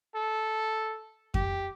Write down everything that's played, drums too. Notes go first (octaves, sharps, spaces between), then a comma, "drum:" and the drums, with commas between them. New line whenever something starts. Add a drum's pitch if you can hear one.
A4
G4, drum: kick F2